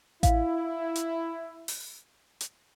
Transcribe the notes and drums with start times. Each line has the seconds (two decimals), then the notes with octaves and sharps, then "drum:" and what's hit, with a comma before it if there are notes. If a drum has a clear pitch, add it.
0.23 E4 F5, drum: kick A1, hi-hat
0.96 drum: hi-hat
1.68 drum: open hi-hat
2.41 drum: hi-hat